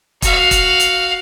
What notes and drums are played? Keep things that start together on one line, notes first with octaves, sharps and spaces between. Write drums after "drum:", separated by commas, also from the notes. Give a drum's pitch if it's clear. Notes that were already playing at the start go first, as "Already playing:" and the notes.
F#4 F5, drum: kick, hi-hat
drum: kick, hi-hat
drum: hi-hat